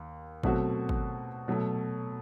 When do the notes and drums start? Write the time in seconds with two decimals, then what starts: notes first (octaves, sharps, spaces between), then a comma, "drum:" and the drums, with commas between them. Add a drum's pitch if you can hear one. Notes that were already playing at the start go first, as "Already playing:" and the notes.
Already playing: D#2
0.43 B2 F#3 A3 C4 F#4, drum: kick
0.89 drum: kick
1.48 B2 F#3 A3